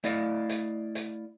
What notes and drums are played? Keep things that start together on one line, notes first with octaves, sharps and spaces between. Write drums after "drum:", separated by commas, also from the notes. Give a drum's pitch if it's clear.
A3 E4 D5 D#5 F5, drum: hi-hat
drum: hi-hat
drum: hi-hat